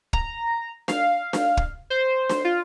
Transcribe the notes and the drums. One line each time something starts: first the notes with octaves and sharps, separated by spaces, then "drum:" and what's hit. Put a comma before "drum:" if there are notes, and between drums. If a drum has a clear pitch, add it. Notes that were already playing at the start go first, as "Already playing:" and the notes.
A#5, drum: kick
F5, drum: snare D4
drum: snare D4
drum: kick
C5
drum: snare D4
F4